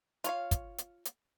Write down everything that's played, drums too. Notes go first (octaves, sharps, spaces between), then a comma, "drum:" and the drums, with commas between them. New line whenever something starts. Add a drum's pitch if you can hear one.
F4 C#5 F5, drum: hi-hat
drum: kick, hi-hat
drum: hi-hat
drum: hi-hat